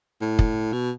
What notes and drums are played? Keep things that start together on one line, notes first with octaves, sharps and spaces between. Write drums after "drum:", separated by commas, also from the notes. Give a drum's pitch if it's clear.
A2
drum: kick
B2